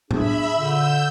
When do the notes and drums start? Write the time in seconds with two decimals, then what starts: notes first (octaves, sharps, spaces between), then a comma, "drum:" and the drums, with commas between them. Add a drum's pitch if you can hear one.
0.11 D4 G#4 E5 B5 E6, drum: tom A2
0.55 A#2 D3 E6 G6